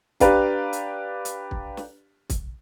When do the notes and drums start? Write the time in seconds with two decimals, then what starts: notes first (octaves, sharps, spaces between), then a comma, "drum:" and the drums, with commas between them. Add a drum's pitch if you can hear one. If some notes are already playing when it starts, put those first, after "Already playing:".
0.20 D4 G4 B4 D5 F5 A#5, drum: kick, hi-hat
0.73 drum: hi-hat
1.25 drum: hi-hat
1.51 drum: kick
1.77 drum: snare
2.30 drum: kick, hi-hat